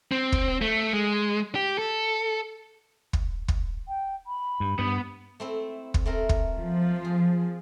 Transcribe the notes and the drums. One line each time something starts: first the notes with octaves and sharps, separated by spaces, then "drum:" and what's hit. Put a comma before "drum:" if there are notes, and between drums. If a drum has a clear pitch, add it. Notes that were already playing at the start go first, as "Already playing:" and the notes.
C4
drum: kick
A3
G#3
G4
A4
drum: kick
drum: kick
G5
B5
G2
G2 B3
A3 C4 E4
drum: kick
A3 C4 A#4
drum: kick
F3
G#4